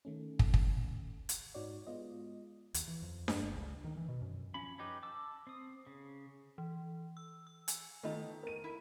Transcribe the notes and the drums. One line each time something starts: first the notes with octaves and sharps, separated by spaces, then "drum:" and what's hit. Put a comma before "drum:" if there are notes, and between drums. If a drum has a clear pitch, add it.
D#3 A3 C#4
drum: kick
drum: kick
drum: hi-hat
G#2 D#4 F#4 C#5 D5
G#3 B3 F4 D#5
D#2, drum: hi-hat
E3
F2
G2, drum: snare D4
G1
C#2
D#3
E3
B2
F#2
F3 C#4 B5
C#4 D#4 G4 B4
A5 D6 E6
C4 D#6
C#3
E3
E6
E6
G#5, drum: hi-hat
D#3 A3 B3 D#4 A4
A#4 D#7
E4